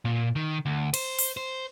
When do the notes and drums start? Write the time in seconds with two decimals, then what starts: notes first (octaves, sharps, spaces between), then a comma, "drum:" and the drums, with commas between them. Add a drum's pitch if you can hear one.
0.05 A#2
0.36 D#3
0.66 D2
0.94 C5, drum: cymbal
1.19 drum: open hi-hat
1.37 C5